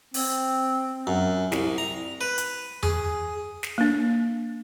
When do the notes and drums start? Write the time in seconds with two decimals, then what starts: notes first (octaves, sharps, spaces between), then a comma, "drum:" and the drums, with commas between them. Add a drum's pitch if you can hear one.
0.14 C4, drum: open hi-hat
1.07 F#2
1.52 C2, drum: snare
1.78 A#5
2.21 B4
2.38 drum: hi-hat
2.83 G#4, drum: tom E2
3.63 drum: snare
3.78 A#3 D4